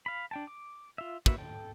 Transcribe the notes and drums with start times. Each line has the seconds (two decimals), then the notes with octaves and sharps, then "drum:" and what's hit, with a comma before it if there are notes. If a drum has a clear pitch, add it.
0.06 F5 B5
0.31 D4 G5 A5
0.47 D6
0.98 F4 E5
1.26 A#3 F#4 B4 E5, drum: kick
1.38 A4 G5